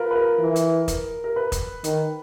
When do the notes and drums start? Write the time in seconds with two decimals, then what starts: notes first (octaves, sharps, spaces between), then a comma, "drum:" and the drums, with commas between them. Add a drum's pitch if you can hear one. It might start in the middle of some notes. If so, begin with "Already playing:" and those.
Already playing: F4 A#4 B4
0.11 B4
0.16 A#4
0.39 E3
0.56 drum: hi-hat
0.88 drum: kick, hi-hat
1.24 A#4
1.36 B4
1.52 drum: kick, hi-hat
1.84 D#3, drum: hi-hat